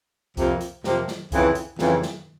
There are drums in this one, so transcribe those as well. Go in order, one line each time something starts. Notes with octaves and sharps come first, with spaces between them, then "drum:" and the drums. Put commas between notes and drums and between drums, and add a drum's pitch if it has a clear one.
F2 C3 F3 A#3, drum: kick C2, hi-hat
drum: hi-hat
F2 C3 F3 A#3, drum: snare
drum: snare
F2 C#3 E3, drum: kick C2, hi-hat
drum: hi-hat
F2 C#3 E3, drum: snare
drum: snare